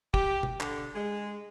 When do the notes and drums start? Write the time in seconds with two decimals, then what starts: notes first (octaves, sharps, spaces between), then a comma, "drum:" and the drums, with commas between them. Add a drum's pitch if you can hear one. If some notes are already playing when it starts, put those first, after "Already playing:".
0.14 G4, drum: kick
0.43 drum: tom
0.60 D3, drum: clap
0.95 G#3